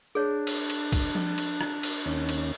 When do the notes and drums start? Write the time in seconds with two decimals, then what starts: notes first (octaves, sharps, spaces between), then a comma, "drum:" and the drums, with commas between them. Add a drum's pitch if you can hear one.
0.15 D4 G#4 C#5
0.47 drum: cymbal
0.70 drum: cymbal
0.92 drum: kick, cymbal
1.15 drum: tom F3
1.38 drum: cymbal
1.61 drum: rim click
1.83 drum: cymbal
2.06 D#2 C#4
2.29 drum: cymbal